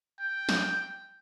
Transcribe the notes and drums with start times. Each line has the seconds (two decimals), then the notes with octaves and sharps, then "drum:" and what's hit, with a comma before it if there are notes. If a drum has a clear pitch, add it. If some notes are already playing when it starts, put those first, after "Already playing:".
0.20 G5
0.49 drum: snare